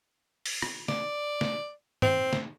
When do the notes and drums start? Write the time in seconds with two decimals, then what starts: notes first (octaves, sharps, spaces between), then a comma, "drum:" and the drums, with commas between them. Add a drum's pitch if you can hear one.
0.46 drum: open hi-hat
0.62 drum: rim click
0.88 D5, drum: snare
1.41 drum: snare
2.02 C4, drum: tom G2
2.33 drum: snare